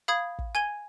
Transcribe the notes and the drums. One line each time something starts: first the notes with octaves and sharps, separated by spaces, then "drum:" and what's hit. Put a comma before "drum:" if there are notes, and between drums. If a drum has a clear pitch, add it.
F5 B5 D#6 G#6
drum: kick
G#5 G#6 D#7 G7